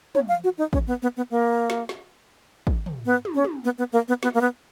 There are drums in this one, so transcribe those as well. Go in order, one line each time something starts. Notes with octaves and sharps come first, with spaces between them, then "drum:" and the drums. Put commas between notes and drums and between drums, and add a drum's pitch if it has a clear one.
C#5, drum: tom
F5
F#4
D#4
C#4, drum: kick
B3
B3
B3
A#3
drum: snare
drum: snare
drum: kick
drum: tom
B3
drum: tom
C#4
drum: tom
B3
B3
A#3
B3
B3, drum: snare
A#3
B3